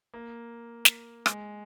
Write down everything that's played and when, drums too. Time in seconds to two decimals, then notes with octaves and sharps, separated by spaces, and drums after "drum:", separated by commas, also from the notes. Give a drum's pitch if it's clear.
0.14 A#3
0.85 drum: snare
1.26 G#3, drum: rim click